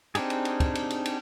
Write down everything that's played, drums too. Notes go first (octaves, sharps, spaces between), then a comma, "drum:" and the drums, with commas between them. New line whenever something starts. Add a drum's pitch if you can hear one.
C4 D4 D#4 G4 G#4, drum: cymbal
drum: cymbal
drum: cymbal
drum: kick, cymbal
drum: cymbal
drum: cymbal
drum: cymbal